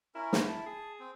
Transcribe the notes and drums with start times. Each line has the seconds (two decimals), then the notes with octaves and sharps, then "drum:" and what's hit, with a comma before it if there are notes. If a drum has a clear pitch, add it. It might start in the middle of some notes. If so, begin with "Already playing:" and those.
0.15 C#4 E4 A#4
0.33 drum: snare
0.47 A5
0.66 G#4
1.00 C4